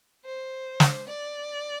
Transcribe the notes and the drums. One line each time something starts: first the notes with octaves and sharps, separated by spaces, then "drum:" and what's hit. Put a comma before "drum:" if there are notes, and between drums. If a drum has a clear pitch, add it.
C5
drum: snare
D5